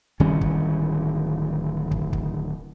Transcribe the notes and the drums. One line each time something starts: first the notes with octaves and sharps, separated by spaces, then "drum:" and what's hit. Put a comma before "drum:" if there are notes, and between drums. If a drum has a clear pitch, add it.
D1 D#3 G3 C#4, drum: kick
drum: kick
drum: kick
drum: kick